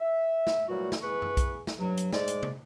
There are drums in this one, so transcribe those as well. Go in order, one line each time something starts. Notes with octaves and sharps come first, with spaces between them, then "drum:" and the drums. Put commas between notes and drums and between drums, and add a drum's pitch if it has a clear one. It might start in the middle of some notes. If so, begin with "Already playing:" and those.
E5
drum: snare
A#2 E3 F#3 G3 A3 F#4
drum: snare
E3 B3 G#4 B4 C#6
drum: tom F#2
drum: kick B1, hi-hat
drum: snare
G2 F#3
drum: hi-hat
G#2 G#3 D5, drum: snare
drum: hi-hat
drum: tom